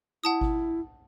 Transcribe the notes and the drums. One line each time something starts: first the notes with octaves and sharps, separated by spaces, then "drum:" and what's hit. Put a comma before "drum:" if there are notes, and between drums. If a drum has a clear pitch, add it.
E4 F#5 A5 D#6
drum: kick G#1